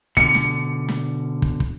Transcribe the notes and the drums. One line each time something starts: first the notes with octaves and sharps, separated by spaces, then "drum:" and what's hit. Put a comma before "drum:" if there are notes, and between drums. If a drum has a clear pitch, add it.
B2 D3 C#7, drum: kick
drum: snare
drum: snare
drum: kick
drum: kick